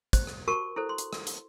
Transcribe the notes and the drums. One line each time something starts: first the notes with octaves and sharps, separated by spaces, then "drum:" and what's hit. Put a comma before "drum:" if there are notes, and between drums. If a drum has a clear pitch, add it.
C5, drum: kick, hi-hat
drum: rim click
F#4 G4 A#4 A5 C#6
E4 A4 C5
C6
drum: hi-hat
drum: rim click
drum: hi-hat